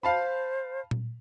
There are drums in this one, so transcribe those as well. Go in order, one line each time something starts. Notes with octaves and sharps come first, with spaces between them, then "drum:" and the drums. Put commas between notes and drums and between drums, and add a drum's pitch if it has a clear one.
C5 F5 A5 B5
drum: tom A#2